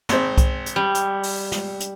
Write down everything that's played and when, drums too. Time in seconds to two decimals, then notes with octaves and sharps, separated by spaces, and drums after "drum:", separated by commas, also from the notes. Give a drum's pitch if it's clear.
0.09 G#1 C4, drum: snare
0.38 drum: kick C2, hi-hat
0.66 drum: hi-hat
0.76 G3
0.95 drum: hi-hat
1.23 drum: open hi-hat
1.52 drum: snare
1.80 drum: hi-hat